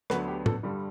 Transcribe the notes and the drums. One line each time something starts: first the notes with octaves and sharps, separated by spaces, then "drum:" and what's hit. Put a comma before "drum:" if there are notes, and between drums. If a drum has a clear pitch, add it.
D2 D3 F#3 B3 B4, drum: rim click
G4
A4, drum: tom
G2 D3 G3